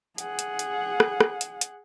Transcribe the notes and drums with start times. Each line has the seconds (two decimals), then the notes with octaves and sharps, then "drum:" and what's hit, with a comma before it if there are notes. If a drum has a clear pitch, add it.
0.18 G#4 F#5, drum: hi-hat
0.39 drum: hi-hat
0.59 drum: hi-hat
1.00 drum: rim click
1.21 drum: rim click
1.41 drum: hi-hat
1.61 drum: hi-hat